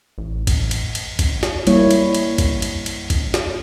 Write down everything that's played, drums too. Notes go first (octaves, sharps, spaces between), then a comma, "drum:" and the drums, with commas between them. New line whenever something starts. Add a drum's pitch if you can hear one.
A1
drum: kick A#1, cymbal
drum: cymbal
drum: cymbal
drum: kick A#1, cymbal
drum: snare
G3 A#3 E4 C#5, drum: cymbal
drum: cymbal
drum: cymbal
drum: kick A#1, cymbal
drum: cymbal
drum: cymbal
drum: kick A#1, cymbal
drum: snare